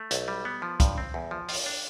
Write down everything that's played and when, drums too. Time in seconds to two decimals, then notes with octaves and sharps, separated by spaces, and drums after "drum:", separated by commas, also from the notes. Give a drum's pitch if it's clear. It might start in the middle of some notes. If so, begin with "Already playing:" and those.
Already playing: A3
0.11 B1, drum: hi-hat
0.28 G3
0.45 B3
0.62 F3
0.80 G2, drum: kick, hi-hat
0.98 C4
1.14 E2
1.31 F3
1.49 F4, drum: open hi-hat
1.66 D4